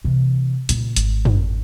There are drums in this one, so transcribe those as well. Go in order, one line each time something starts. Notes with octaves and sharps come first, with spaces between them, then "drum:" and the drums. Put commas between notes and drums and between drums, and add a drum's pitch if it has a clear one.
C3 E3
A#2 C#3, drum: hi-hat
G#1, drum: hi-hat
drum: tom